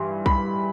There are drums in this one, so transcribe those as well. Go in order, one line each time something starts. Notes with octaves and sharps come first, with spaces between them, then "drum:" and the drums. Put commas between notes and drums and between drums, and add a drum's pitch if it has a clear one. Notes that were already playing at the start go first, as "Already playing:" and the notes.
Already playing: G2 E3 C6
B5, drum: kick B1